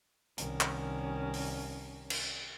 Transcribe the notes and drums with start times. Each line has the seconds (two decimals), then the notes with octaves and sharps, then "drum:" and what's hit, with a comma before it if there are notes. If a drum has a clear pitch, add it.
0.38 C2 D#3 C#4, drum: hi-hat
0.61 drum: clap
1.34 drum: open hi-hat
2.10 drum: cymbal